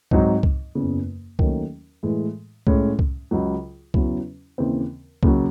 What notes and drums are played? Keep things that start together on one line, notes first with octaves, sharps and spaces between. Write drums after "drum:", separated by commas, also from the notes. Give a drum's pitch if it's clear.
G#2 F#3 C4 D#4, drum: kick C2
drum: kick C2
F#1 E2 C#3
D#2 D#3 F#3 A3 C#4, drum: kick C2
A2 E3 G#3
A2 G#3 C#4, drum: kick C2
drum: kick C2
C#2 C#3 F#3
E2 C#3 F#3 C#4 E4, drum: kick C2
D#2 C#3 E3 C4
D#2 C#3 F#3, drum: kick C2